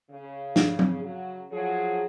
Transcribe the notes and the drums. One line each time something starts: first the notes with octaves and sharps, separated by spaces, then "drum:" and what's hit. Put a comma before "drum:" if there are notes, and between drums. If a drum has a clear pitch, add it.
C#3
drum: snare
drum: tom F#3
C#3 F#3
F3 F#3 G#4